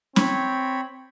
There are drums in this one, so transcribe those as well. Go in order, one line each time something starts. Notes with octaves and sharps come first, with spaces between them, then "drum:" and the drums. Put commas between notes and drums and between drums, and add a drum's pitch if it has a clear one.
C4 C#5 B5, drum: snare C#4